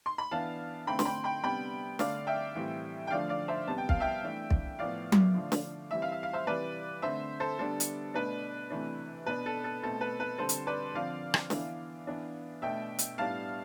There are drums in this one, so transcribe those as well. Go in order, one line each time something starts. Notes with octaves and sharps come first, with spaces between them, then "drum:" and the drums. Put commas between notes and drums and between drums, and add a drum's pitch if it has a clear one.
C6
B5
E3 B3 D4 F5 A5
D3 A3 C4 G5 B5
C6, drum: snare
G5 B5
G5 B5
C3 G3 B3 D4 G5 B5
D3 A3 D4 D5 F5, drum: snare
E5 G5
A2 E3 G3 C4
G5
D3 F3 A3 D4 D5 F5
D5 F5
C5 E5
C3 G3 B3 A5
G5
F5, drum: kick
E5 G5
E3 A3 D4
drum: kick
A2 F3 B3 D5 F5
drum: tom F#3
D3 F3 A3
drum: snare
E3 G3 C4 E5
F5
E5
F5
C5 E5
C3 E3 G3 B4 D5
D3 A3 C4 C5 E5
A4 C5
D3 G3 B3 D4 A4
drum: hi-hat
B2 A3 D4 B4
C3 E3 A3 D4
B2 B3 D4 B4
A4
A4
B2 A3 C4 A4
B4
B4
D3 G3 C4 A4 C5
drum: hi-hat
B4 D5
D3 F3 C4 D5 F5
drum: rim click
E3 B3 D4, drum: snare
E3 B3 D4
B2 A3 D4 E5 G5
drum: hi-hat
A2 G3 B3 D4 F5 A5